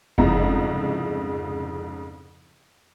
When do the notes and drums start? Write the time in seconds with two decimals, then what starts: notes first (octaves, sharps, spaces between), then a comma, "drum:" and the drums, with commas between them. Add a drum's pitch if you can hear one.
0.18 C2 F2 G#2 C#3 E4 A#5, drum: kick F#1